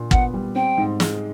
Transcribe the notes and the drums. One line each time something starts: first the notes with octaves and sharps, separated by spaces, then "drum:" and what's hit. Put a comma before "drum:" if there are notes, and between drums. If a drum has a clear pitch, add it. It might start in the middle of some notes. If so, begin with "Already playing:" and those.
Already playing: A#2 D4
B3 F#5, drum: kick
G3
C4 G5
G#2
G#3, drum: snare